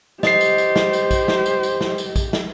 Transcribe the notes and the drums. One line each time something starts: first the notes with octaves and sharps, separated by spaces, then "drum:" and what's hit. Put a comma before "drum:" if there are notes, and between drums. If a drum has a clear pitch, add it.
G4 C5 D#5 C7, drum: snare
drum: tambourine
drum: tambourine
drum: snare
drum: tambourine
drum: kick A#1, tambourine
drum: snare
drum: tambourine
drum: tambourine
drum: snare
drum: tambourine
drum: kick A#1, tambourine
drum: snare